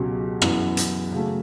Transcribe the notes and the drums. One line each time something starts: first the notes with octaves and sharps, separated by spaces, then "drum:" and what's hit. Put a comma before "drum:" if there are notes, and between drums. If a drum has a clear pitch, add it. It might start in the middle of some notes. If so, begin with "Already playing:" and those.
Already playing: C#2 B2 F#3 C#4 G4
F#2 E3 B3, drum: rim click
drum: hi-hat
C#3 F#3 A3